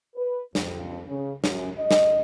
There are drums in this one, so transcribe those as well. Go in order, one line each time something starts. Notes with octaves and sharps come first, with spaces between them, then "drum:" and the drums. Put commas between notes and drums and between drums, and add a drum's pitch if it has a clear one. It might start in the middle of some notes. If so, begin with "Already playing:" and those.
B4
F2, drum: snare
C#3
F#2, drum: snare
D#5
drum: snare